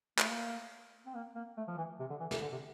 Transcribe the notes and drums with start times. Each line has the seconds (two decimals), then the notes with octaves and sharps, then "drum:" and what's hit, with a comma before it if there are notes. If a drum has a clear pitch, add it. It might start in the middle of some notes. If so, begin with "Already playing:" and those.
0.19 A3, drum: clap
0.30 A#3
1.06 C4
1.15 A#3
1.35 A#3
1.57 A3
1.68 F3
1.77 E3
2.00 C3
2.10 D3
2.20 E3
2.31 C3, drum: snare
2.41 D3
2.52 C3